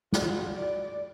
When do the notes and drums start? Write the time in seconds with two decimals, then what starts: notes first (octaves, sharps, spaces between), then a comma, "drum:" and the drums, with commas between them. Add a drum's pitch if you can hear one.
0.13 F4 F#4, drum: snare
0.54 D5